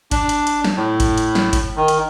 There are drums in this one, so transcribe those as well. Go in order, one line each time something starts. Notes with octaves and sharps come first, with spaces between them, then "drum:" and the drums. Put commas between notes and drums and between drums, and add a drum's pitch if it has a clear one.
D4, drum: kick G1, hi-hat
drum: hi-hat
drum: hi-hat
drum: snare
A2
drum: kick G1, hi-hat
drum: hi-hat
drum: snare
drum: kick G1, hi-hat
D#3
drum: hi-hat